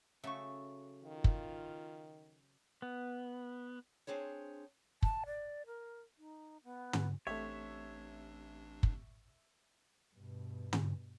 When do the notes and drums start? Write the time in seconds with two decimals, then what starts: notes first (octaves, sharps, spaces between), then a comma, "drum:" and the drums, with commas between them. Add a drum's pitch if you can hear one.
0.24 C#3 F#3 A3 C#6 E6
1.04 D#3 F4
1.24 drum: kick
2.82 B3
4.07 C4 D4 G#4 C5 C#5
5.02 A5, drum: kick
5.26 D5
5.66 A#4
6.18 D#4
6.64 B3
6.93 drum: tom
7.27 A1 A3 C4 D4 G4 C#5 E5
8.83 drum: kick
10.14 G2 B2
10.73 drum: tom